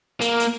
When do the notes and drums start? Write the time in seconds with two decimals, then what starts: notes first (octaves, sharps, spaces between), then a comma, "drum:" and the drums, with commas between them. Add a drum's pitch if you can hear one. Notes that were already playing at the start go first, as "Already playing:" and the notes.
0.21 A#3, drum: hi-hat
0.40 drum: hi-hat